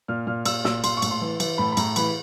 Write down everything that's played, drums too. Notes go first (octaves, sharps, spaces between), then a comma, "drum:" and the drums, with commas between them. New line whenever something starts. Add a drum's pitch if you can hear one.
A#2 F6
A#2 F6
A#2 E6, drum: cymbal
A#2 E6, drum: snare
A#2 C6, drum: cymbal
C#6
A2, drum: cymbal
C6
E3
E3, drum: cymbal
A2 B5
B5
A2 A#5, drum: cymbal
E3 B5, drum: cymbal